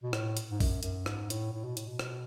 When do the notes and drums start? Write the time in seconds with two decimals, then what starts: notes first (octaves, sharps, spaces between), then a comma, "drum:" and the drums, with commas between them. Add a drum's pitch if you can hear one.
0.03 B2
0.13 A2, drum: rim click
0.37 drum: hi-hat
0.51 G#2
0.60 F#2, drum: kick A1, open hi-hat
0.83 F#2, drum: hi-hat
1.06 G#2, drum: rim click
1.30 A2, drum: hi-hat
1.52 A2
1.65 B2
1.77 A2, drum: hi-hat
1.88 B2
1.99 drum: rim click